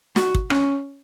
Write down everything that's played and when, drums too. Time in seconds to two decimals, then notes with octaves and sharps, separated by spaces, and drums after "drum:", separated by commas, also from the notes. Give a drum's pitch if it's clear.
0.16 F#4, drum: snare
0.35 drum: kick
0.50 C#4, drum: rim click